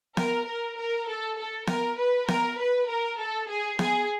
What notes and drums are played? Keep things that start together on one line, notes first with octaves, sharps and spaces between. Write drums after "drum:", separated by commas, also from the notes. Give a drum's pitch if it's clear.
A#4, drum: snare B3
A#4
A#4
A4
A4
A#4, drum: snare B3
B4
A#4, drum: snare B3
B4
A#4
A4
G#4
G#4, drum: snare B3